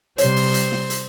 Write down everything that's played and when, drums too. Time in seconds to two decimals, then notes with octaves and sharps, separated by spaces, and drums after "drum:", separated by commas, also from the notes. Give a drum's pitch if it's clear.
0.18 C3 G3 C5 C#5 C6, drum: hi-hat
0.36 drum: open hi-hat
0.54 drum: hi-hat
0.72 drum: snare
0.90 drum: hi-hat